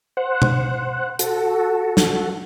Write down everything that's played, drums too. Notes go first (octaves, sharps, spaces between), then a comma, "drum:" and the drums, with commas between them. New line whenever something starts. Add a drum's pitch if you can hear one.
C5 F#5
drum: tom B2
F#4 A4, drum: hi-hat
drum: snare